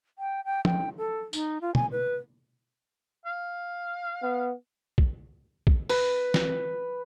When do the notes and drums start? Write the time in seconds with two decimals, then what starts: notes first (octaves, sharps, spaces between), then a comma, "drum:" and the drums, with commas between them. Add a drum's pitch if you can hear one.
0.19 G5
0.45 G5
0.65 G5, drum: tom
0.98 A4
1.33 D#4, drum: tambourine
1.61 F4
1.75 G#5, drum: tom
1.92 B4
3.26 F5
4.22 B3
4.98 drum: kick A#1
5.67 drum: kick A#1
5.89 B4, drum: open hi-hat
6.34 drum: snare